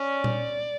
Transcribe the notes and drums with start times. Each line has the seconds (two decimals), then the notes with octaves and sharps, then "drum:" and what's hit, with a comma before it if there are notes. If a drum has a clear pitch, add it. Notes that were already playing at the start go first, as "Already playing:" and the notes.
Already playing: C#4 D5
0.24 drum: tom A#2